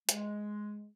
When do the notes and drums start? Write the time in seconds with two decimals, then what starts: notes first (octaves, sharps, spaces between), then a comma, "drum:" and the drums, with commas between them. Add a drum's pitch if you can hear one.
0.09 G#3, drum: hi-hat